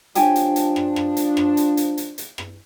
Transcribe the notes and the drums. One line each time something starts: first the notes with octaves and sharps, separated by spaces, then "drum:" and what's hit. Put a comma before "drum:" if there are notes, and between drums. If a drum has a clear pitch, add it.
F3 D4 G4 C#5 G#5, drum: hi-hat
drum: hi-hat
drum: hi-hat
drum: rim click
drum: rim click
drum: hi-hat
drum: rim click
drum: hi-hat
drum: hi-hat
drum: hi-hat
drum: hi-hat
drum: rim click